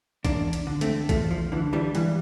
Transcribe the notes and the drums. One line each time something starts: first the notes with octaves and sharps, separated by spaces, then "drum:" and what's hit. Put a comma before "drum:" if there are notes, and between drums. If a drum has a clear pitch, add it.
E2 A#3 D4, drum: kick B1, hi-hat
drum: hi-hat
D3
A3 C4, drum: hi-hat
E2 F3 A3, drum: kick B1, hi-hat
F3
D3 E3
E3 G3
G2 E3 G3, drum: hi-hat